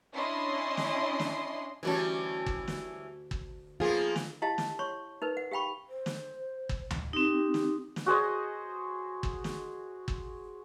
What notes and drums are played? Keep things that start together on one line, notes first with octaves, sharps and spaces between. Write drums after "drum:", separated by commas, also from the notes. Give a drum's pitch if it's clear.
C#4 D4 E4 D#5 C6
drum: snare
drum: snare
D2 E3 G3 C#4 F#4 A5
drum: kick
drum: snare
drum: kick
F3 A#3 B3 F4 G#4
drum: snare
E4 G4 D#5 F5 A5
drum: snare
C#5 C6 C#6
D#4 A#4 B4
F#5
G4 F5 G5 B5 C#6
C5
drum: snare
drum: kick
drum: tom D2
C4 D#4 G4
drum: snare
drum: snare
F#4 G#4 C5 D#5
drum: kick
drum: snare
drum: kick